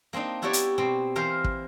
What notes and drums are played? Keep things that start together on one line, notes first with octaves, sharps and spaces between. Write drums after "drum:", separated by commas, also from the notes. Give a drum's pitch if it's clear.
A#3 C4 D4 D#4
B3 E4 F#4 G4 C#5 D5
drum: hi-hat
B2 C4
E3 A#4 C5 F5
drum: kick